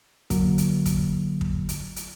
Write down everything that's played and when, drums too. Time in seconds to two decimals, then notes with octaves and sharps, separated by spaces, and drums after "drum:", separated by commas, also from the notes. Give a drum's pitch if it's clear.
0.30 D3 F#3 A#3, drum: kick, hi-hat
0.58 drum: hi-hat
0.86 drum: kick, hi-hat
1.41 drum: kick
1.69 drum: hi-hat
1.96 drum: hi-hat